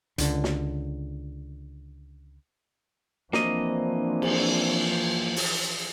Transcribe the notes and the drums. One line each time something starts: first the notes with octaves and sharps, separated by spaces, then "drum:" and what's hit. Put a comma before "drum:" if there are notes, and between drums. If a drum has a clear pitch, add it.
C#2 D3, drum: hi-hat
drum: snare
E3 F3 A#3 C4 D4 D#5, drum: snare
drum: cymbal
drum: open hi-hat